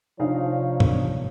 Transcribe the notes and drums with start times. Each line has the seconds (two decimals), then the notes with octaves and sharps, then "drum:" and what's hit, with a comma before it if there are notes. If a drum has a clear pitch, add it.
0.19 C3 F3 D4 D#4 C#5 F5
0.80 drum: tom G#2